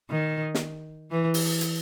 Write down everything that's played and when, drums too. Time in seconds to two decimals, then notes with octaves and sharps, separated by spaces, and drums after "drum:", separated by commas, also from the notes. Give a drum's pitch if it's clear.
0.10 D#3
0.55 drum: snare
1.11 E3
1.34 drum: open hi-hat
1.61 drum: hi-hat